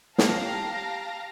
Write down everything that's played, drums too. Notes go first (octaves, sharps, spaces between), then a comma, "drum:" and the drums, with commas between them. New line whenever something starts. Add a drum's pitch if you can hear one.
G4 F5 A5 A#5 A#6, drum: snare